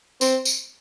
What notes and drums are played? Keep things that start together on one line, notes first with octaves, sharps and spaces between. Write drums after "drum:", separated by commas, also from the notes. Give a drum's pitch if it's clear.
C4, drum: tambourine
drum: tambourine